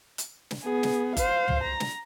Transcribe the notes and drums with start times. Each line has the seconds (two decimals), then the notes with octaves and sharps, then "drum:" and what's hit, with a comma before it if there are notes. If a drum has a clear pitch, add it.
0.18 drum: hi-hat
0.51 drum: snare
0.63 B3 G#4
0.83 drum: snare
1.17 C5 F5, drum: kick F#1, hi-hat
1.48 drum: tom
1.64 A#5
1.80 drum: snare